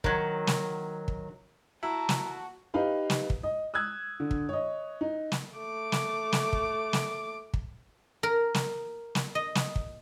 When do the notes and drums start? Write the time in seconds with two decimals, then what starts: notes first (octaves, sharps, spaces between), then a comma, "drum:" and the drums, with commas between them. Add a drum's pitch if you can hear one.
0.04 D#3 F#3, drum: kick
0.47 drum: snare
1.08 drum: kick
1.83 E4 F#4 A5 A#5
2.09 drum: snare
2.74 D#4 G4 B4 F5
3.10 drum: snare
3.30 drum: kick
3.43 D#5
3.74 D#6 E6 F#6 G#6
4.20 D3
4.31 drum: kick
4.49 C#5 D#5
5.01 D#4
5.32 drum: snare
5.56 A3 D6
5.92 drum: snare
6.32 drum: snare
6.53 drum: kick
6.93 drum: snare
7.54 drum: kick
8.23 A#4
8.54 drum: snare
9.15 drum: snare
9.35 D#5
9.55 drum: snare
9.76 drum: kick